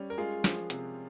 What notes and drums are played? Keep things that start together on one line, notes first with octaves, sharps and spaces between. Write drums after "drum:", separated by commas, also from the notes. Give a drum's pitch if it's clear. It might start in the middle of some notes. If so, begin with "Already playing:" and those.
Already playing: G3 C#4
A#4
G#3 F4 G#4
F3, drum: snare
C3, drum: hi-hat